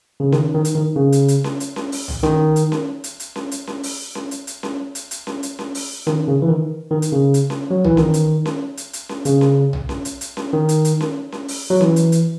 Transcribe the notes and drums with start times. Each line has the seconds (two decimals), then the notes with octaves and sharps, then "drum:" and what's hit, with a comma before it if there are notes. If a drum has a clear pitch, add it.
0.20 C#3
0.32 D#3, drum: snare C#4
0.54 D#3
0.65 drum: hi-hat
0.75 D#3
0.96 C#3
1.12 drum: hi-hat
1.28 drum: hi-hat
1.44 drum: snare C#4
1.60 drum: hi-hat
1.76 drum: snare C#4
1.92 drum: open hi-hat
2.08 drum: tom B1
2.23 D#3, drum: snare C#4
2.56 drum: hi-hat
2.72 drum: snare C#4
3.04 drum: hi-hat
3.20 drum: hi-hat
3.36 drum: snare C#4
3.51 drum: hi-hat
3.67 drum: snare C#4
3.83 drum: open hi-hat
4.15 drum: snare C#4
4.31 drum: hi-hat
4.47 drum: hi-hat
4.63 drum: snare C#4
4.95 drum: hi-hat
5.11 drum: hi-hat
5.27 drum: snare C#4
5.43 drum: hi-hat
5.59 drum: snare C#4
5.75 drum: open hi-hat
6.07 D#3, drum: snare C#4
6.28 C#3
6.42 E3
6.48 D#3
6.91 D#3
7.02 drum: hi-hat
7.12 C#3
7.34 drum: hi-hat
7.50 drum: snare C#4
7.70 F#3
7.84 E3, drum: tom B1
7.97 D#3, drum: snare C#4
8.14 drum: hi-hat
8.46 drum: snare C#4
8.77 drum: hi-hat
8.93 drum: hi-hat
9.09 drum: snare C#4
9.25 C#3, drum: hi-hat
9.41 drum: snare C#4
9.73 drum: tom B1
9.89 drum: snare C#4
10.05 drum: hi-hat
10.21 drum: hi-hat
10.37 drum: snare C#4
10.53 D#3
10.69 drum: hi-hat
10.85 drum: hi-hat
11.01 drum: snare C#4
11.32 drum: snare C#4
11.48 drum: open hi-hat
11.70 F#3
11.81 E3, drum: snare C#4
11.96 drum: hi-hat
12.12 drum: hi-hat